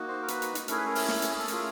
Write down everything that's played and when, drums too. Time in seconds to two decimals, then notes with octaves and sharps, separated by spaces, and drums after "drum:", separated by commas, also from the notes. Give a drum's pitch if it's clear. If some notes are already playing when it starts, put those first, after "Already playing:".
Already playing: A#3 D#4 F#4
0.08 C5
0.22 A#4
0.28 B4, drum: hi-hat
0.42 drum: hi-hat
0.55 drum: hi-hat
0.68 A3 C#4 E4 G#4 A#4, drum: hi-hat
0.77 B4
0.86 A#4
0.95 drum: open hi-hat
1.09 drum: snare
1.22 drum: hi-hat
1.39 A4
1.48 A3 C#4 F4 G#4 A#4, drum: hi-hat